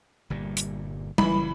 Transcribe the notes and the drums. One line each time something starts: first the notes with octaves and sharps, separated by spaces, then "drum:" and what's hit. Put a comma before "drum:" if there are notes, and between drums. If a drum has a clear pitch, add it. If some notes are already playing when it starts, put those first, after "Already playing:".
G1 A#2 G3
drum: hi-hat
F#1 A#2 E3 B5, drum: tom G3